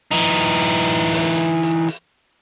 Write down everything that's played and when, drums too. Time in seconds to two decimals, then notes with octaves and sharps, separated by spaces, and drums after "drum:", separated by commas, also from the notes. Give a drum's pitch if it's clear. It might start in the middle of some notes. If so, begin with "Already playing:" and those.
0.11 E3 D#4
0.37 drum: hi-hat
0.62 drum: hi-hat
0.87 drum: hi-hat
1.13 drum: open hi-hat
1.38 drum: hi-hat
1.63 drum: hi-hat
1.88 drum: hi-hat